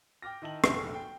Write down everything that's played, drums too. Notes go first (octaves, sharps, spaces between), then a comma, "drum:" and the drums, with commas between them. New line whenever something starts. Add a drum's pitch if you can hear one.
G5 D6 F6 A#6
D#3 E4 D#5 A5 F#7
F1 A#1 G3 F#4 A4 C#6, drum: rim click
G5